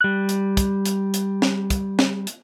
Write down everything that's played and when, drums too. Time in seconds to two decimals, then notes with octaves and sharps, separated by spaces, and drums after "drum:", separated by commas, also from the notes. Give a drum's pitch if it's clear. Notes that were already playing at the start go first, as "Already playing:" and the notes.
0.01 G3 F#6
0.29 drum: hi-hat
0.57 drum: kick, hi-hat
0.85 drum: hi-hat
1.14 drum: hi-hat
1.42 drum: snare
1.70 drum: kick, hi-hat
1.99 drum: snare
2.27 drum: hi-hat